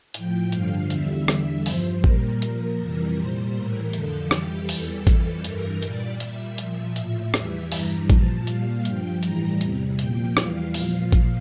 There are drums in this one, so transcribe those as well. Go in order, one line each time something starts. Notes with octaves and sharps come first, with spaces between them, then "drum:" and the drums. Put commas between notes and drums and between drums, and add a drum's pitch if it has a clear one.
A2 F3 G5, drum: hi-hat
G2 D3 F3 F5, drum: hi-hat
E2 D3 G3 E5, drum: hi-hat
E2 D3 G3 E5, drum: rim click
G2 F3 C5, drum: open hi-hat
A#2 G3 A#4, drum: kick A1
A#2 F3, drum: hi-hat
F2 C3 E3 G3 A#4
A#2 G3 C5
A2 E3 G3 A#4
F2 D3 F3 A4, drum: hi-hat
F2 E3 G3 G4, drum: rim click
E2 E3 G3 A4, drum: open hi-hat
F2 E3 G3 A4, drum: kick A1, hi-hat
G2 E3 G3 A#4, drum: hi-hat
A#2 G3 D5, drum: hi-hat
A#2 G3 E5, drum: hi-hat
A#2 F3 E5, drum: hi-hat
A2 F3 E5, drum: hi-hat
E2 E3 G3 E5, drum: rim click
G2 E3 G3 A#5, drum: open hi-hat
A#2 F3 A5, drum: kick A1, hi-hat
A#2 G3 F5, drum: hi-hat
G2 F3 G5, drum: hi-hat
A2 E3 G3 A#5, drum: hi-hat
E2 C3 G3, drum: hi-hat
A#2 F3 G5, drum: hi-hat
E2 E3 G3 F5, drum: rim click
A#2 F3, drum: open hi-hat
drum: kick A1, hi-hat